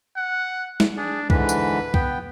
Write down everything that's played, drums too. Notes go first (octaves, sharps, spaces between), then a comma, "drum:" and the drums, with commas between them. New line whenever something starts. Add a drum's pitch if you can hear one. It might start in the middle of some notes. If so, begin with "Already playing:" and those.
F#5
drum: snare
D4 G#4
G#2 D3 E3 B4, drum: kick C2
drum: tambourine
B3 G5, drum: kick C2